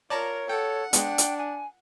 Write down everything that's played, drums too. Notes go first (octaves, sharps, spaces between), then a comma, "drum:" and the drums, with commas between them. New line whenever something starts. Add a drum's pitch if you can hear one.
F4 A#4 C#5 D5 A5 A#5
A4 F#5 G5
G#3 B3 D4 G5, drum: hi-hat
drum: hi-hat
G#5